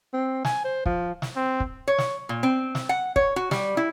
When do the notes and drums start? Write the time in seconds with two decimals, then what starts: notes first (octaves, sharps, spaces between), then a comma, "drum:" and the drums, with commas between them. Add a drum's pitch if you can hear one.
0.13 C4
0.45 G#5, drum: snare
0.64 C5
0.86 F3, drum: kick
1.22 drum: snare
1.36 C4
1.60 drum: kick
1.88 C#5
1.98 drum: snare
2.29 A#2
2.43 C4
2.75 drum: snare
2.89 F#5
3.16 C#5, drum: kick
3.36 F#4
3.51 G3, drum: snare
3.77 E4